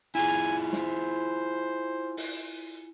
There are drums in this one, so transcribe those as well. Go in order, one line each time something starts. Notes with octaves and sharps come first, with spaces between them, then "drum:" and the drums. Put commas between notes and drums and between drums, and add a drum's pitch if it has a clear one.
E4 F4 G#4 G#5
C5, drum: snare
drum: open hi-hat